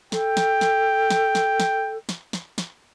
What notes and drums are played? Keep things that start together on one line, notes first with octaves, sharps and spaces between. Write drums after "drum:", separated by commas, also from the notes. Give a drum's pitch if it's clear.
A4 G5, drum: snare
drum: snare
drum: snare
drum: snare
drum: snare
drum: snare
drum: snare
drum: snare
drum: snare